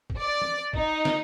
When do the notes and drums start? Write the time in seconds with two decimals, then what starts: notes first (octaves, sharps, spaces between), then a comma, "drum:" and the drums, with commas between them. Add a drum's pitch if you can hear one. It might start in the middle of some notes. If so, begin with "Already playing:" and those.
0.10 drum: kick
0.21 D5
0.42 drum: tom E3
0.73 D#4, drum: kick
1.05 drum: snare